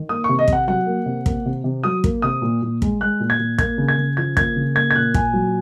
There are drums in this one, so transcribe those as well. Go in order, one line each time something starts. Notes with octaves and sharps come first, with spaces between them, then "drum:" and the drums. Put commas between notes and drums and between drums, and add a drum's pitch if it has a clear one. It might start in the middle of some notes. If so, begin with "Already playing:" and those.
Already playing: D#3
A#3 D#6
C3 C#6
D#5
C3, drum: kick
F#5
F#3 F#5
A#3
C3
A#3, drum: kick
C3
C3
F#3 D#6
A#3, drum: kick
C3 D#6
A#2
A#2
G#3, drum: kick
G#3 F#6
A#2
G#6
A#2
A#3 G#6, drum: kick
C#3
G#6
C#3
F3 G#6
A#3 G#6, drum: kick
C#3
A#3 G#6
G#6
A#2 F#6
A#2 G#5, drum: kick
F#3